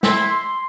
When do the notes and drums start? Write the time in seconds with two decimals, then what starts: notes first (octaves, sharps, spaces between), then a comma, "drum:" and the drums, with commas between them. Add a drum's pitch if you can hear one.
0.03 E4 C6, drum: snare
0.30 C6